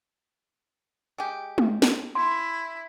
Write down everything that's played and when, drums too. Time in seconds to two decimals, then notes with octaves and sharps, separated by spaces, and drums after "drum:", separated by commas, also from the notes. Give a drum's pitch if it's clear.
1.18 G#3 G4
1.58 drum: tom G#3
1.82 drum: snare
2.15 E4 B5 C6